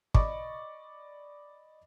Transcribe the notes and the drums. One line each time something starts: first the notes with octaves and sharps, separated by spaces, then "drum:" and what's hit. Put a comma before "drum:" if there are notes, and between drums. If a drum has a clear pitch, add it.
D5 D#5 B5 C#6 D6, drum: kick